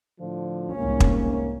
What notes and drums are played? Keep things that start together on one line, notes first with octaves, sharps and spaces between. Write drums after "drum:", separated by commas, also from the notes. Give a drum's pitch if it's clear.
A2 D3 F3
C2 G#2 C3 A#3 C#4
drum: kick